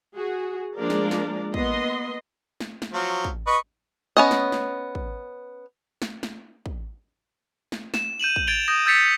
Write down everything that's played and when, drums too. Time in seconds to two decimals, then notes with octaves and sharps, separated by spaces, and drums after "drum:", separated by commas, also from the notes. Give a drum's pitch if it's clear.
0.15 F#4 G#4
0.77 F3 G#3 A#3 D4 A#4 D5
0.90 drum: snare
1.11 drum: snare
1.54 A#3 B3 D#5 C6, drum: kick
2.60 drum: snare
2.82 drum: snare
2.93 F3 F#3
3.24 drum: kick
3.47 B4 D#5 C#6
4.17 B3 C#4 D#5
4.31 drum: snare
4.52 drum: snare
4.95 drum: kick
6.02 drum: snare
6.23 drum: snare
6.66 drum: kick
7.72 drum: snare
7.94 E7, drum: snare
8.20 G6 D#7 E7 F#7
8.36 drum: kick
8.47 G#6 A6 D7 F7 G7
8.68 D#6 G6 G#6 A#6
8.86 E6 G6 A6 B6 C#7 F7